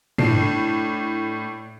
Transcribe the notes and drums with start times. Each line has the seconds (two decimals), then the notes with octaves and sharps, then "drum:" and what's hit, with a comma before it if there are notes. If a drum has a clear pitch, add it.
0.18 A2 D4 C7, drum: tom